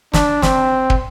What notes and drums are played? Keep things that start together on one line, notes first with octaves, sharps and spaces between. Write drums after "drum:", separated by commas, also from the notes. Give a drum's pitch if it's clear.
D4, drum: snare
C4, drum: snare
drum: kick